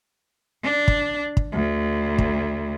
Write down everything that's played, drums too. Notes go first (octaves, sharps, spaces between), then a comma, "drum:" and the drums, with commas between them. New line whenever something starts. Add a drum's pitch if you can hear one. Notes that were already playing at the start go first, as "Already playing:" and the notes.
D4
drum: kick
drum: kick
D2
drum: kick